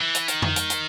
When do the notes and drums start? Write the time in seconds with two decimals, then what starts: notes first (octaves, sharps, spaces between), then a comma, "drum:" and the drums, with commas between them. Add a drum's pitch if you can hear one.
0.01 E3
0.15 drum: hi-hat
0.28 D#3, drum: hi-hat
0.42 drum: tom F2
0.56 drum: hi-hat
0.70 drum: hi-hat